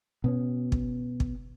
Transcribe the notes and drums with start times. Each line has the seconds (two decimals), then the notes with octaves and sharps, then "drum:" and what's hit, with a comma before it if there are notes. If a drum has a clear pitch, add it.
0.24 B2 B3 C#4
0.72 drum: kick
1.20 drum: kick